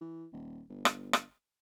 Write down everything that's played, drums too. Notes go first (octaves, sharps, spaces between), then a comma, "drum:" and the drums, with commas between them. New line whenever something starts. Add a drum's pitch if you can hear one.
E3
D#1
G1
drum: rim click
drum: rim click